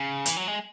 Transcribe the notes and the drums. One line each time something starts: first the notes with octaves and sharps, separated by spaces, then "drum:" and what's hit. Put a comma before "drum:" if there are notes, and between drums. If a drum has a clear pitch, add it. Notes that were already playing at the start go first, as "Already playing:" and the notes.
Already playing: C#3
E3, drum: hi-hat
F#3
G#3